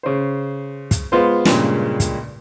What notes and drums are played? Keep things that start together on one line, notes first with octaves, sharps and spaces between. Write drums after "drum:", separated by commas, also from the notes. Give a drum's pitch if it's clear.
C#3 C5
drum: kick, hi-hat
G#3 B3 F4 C5
G2 A#2 C#3 G#3, drum: snare
drum: kick, hi-hat